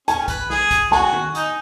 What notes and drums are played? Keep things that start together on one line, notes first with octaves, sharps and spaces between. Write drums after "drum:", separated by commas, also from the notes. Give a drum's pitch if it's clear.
C#4 G#5, drum: hi-hat
B4, drum: kick B1, hi-hat
G#4, drum: snare
drum: kick B1, hi-hat
F#4 G#5, drum: snare
drum: tom
D#4, drum: hi-hat